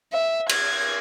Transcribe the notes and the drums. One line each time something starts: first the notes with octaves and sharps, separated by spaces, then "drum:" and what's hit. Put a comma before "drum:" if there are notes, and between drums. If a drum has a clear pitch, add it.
E5
G#6, drum: cymbal